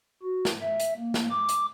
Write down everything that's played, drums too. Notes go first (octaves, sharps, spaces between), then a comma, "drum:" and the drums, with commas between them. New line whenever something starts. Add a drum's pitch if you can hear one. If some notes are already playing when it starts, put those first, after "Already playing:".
F#4
drum: snare
E5
drum: hi-hat
A#3
drum: snare
D6
drum: hi-hat